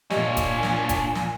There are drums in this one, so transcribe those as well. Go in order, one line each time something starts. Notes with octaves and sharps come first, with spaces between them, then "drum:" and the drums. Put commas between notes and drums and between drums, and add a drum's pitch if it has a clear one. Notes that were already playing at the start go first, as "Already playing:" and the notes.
A#2 D4 G4 C#5 D#5 G#5, drum: snare
drum: kick E1, hi-hat
drum: snare
drum: kick E1, hi-hat
drum: snare